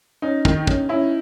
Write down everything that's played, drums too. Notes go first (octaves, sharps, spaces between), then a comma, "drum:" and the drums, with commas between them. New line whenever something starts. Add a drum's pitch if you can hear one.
C#4 D#4
D#3, drum: kick
C#4, drum: kick
C#4 E4